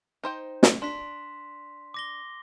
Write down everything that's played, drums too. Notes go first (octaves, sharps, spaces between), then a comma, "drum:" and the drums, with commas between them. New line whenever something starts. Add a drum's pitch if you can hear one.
D#4 C5 G5
drum: snare
D4 C6 B6
D6 A#6 G7